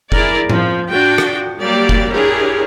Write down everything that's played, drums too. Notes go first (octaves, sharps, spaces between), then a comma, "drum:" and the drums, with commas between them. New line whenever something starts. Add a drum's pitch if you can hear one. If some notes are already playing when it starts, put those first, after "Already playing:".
E4 G#4 A#4 D5, drum: kick F1
F3, drum: tom A2
D4 F4 F#4 G5
drum: rim click
F#3 G3 A#3 G4 D5
drum: kick F1
D4 E4 G4 G#4 A#4 C#5